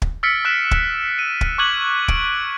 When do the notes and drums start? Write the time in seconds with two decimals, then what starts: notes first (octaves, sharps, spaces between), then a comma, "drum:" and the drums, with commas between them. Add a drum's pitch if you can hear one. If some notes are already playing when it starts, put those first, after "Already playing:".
0.02 drum: kick
0.23 E6 F6 A6 B6 C#7 D7
0.45 E6 F#6 D7 E7
0.71 drum: kick
1.19 D#7
1.41 drum: kick
1.58 C#6 D6 F#6 G#6 F#7
2.08 D7, drum: kick